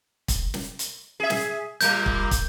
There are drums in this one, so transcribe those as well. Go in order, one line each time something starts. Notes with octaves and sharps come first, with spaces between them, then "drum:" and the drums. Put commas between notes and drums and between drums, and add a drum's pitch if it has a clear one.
drum: kick, hi-hat
drum: snare
drum: hi-hat
G#4 E5
drum: snare
A#2 G3 A#3 G6, drum: hi-hat
drum: kick
drum: kick, hi-hat